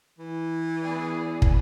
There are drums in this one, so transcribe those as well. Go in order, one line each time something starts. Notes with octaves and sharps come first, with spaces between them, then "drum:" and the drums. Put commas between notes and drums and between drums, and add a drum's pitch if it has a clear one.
E3
B3 G#4 D5
drum: kick